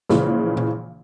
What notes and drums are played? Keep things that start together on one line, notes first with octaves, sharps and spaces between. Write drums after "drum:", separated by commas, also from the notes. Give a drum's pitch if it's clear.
A#1 A#2 C#3 E3 G#3, drum: snare
drum: tom A#2